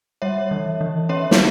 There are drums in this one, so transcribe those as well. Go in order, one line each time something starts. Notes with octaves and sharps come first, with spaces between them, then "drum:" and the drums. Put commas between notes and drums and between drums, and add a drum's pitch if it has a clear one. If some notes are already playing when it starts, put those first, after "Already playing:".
G3 C#5 E5
E3
E3
C#4 C#5 E5
drum: snare